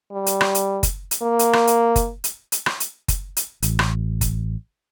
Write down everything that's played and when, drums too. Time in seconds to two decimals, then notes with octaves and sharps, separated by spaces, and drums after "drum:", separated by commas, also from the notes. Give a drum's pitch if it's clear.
0.12 G3
0.26 drum: hi-hat
0.41 drum: rim click
0.55 drum: hi-hat
0.83 drum: kick F#1, hi-hat
1.11 drum: hi-hat
1.22 A#3
1.39 drum: hi-hat
1.53 drum: rim click
1.67 drum: hi-hat
1.96 drum: kick F#1, hi-hat
2.24 drum: hi-hat
2.52 drum: hi-hat
2.66 drum: rim click
2.80 drum: hi-hat
3.08 drum: kick F#1, hi-hat
3.37 drum: hi-hat
3.62 A1, drum: hi-hat
3.79 drum: rim click
4.21 drum: kick F#1, hi-hat